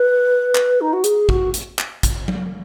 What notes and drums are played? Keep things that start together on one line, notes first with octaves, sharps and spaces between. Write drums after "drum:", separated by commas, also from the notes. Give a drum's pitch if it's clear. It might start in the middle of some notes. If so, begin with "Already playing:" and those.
Already playing: B4
drum: clap
D#4
F#4
G#4, drum: hi-hat
F#4, drum: kick
drum: hi-hat
drum: clap
drum: kick, hi-hat
drum: tom